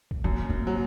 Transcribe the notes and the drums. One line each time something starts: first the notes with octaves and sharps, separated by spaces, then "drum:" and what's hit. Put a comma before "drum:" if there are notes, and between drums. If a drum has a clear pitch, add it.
drum: kick
F#2 A#3
A#3
F#3